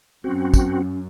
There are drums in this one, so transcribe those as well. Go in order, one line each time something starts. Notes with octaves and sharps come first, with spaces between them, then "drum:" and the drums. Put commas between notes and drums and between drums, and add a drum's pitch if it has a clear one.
F#2 C4 C#4 F#4
drum: kick, tambourine